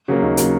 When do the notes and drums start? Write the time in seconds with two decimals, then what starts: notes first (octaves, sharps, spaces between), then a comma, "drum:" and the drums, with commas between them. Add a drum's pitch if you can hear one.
0.08 C#3 F#3 A#3
0.22 D#2
0.37 C#3 F#3 A#3, drum: hi-hat